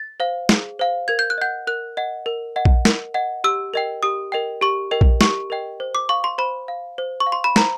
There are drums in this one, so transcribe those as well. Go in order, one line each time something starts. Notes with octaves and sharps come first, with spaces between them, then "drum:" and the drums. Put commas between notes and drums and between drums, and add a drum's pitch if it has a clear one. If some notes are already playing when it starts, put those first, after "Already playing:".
Already playing: A6
C5 F5
G#4, drum: snare
C5 F5
A#4 G#6
G6
F#6
D#5 F#5 G6
A#4 F#6
D#5 F#5
A#4
D#5 F#5
drum: kick A#1
A#4, drum: snare
D#5 F#5
G4 E6
A#4 D#5 G5
G4 D#6
A#4 D#5 G5
G4 C#6
A#4 D#5 G5
drum: kick A#1
G4 C#6, drum: snare
A#4 D#5 G5
C5
D6
F5 C#6
C6
C5 B5
F5
C5
C#6
F5
C6
B5
C5 A#5, drum: snare